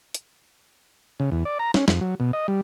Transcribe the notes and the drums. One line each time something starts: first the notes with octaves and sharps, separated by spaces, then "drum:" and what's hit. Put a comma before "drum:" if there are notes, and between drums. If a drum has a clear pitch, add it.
drum: hi-hat
C#3
E2
D5
A#5
C#4, drum: snare
F2, drum: snare
F#3
B2
D#5
G3